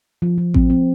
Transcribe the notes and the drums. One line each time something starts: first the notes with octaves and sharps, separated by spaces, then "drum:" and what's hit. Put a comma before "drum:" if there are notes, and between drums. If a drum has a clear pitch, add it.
F3
F3
C4, drum: kick A1
C4